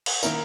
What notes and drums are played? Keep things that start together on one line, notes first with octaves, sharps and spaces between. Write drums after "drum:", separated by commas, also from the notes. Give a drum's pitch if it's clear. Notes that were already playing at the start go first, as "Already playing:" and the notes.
drum: cymbal
D#3 A#3 E4 A#4, drum: tambourine